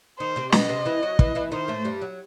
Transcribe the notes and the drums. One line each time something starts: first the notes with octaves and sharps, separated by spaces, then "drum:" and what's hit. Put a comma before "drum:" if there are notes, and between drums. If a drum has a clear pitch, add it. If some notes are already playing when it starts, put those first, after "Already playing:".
D#3 D#4 C5
C3 C4
B2 B3 D#5, drum: snare
C3 C4
E3 E4
F#3 F#4
E3 E4, drum: kick
E3 E4
D#3 D#4 C5
A2 A3
G2 G3
F#3